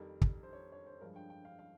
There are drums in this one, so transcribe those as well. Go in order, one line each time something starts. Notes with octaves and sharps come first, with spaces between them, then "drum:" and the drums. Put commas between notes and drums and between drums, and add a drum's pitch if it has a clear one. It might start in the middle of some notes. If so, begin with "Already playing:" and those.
Already playing: F2 D#3 G3 A#4
drum: kick
C5
C#5
C#5
C5
G2 F3 G#3 A#4
G5
G5
F5
F5